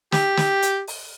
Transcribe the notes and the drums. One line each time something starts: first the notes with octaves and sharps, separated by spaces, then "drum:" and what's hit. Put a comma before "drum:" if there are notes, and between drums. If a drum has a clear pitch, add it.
G4, drum: snare
drum: snare
drum: hi-hat
drum: open hi-hat